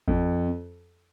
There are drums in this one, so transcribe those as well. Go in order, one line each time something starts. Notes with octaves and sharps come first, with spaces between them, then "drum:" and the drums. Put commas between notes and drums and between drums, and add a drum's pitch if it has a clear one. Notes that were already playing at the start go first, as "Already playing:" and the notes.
F2, drum: kick G#1